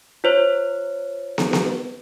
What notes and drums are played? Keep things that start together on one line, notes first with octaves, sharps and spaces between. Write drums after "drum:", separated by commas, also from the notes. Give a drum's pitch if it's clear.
F4 C5 C#5
drum: snare
drum: snare